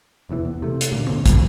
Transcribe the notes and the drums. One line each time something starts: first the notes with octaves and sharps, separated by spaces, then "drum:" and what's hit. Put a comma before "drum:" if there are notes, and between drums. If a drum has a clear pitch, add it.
F1 E2 B2 E3
E2
C3 A3
drum: hi-hat
D2 A#2 A#3
D#1 A#2 D3 C4
A2 F#3, drum: kick, hi-hat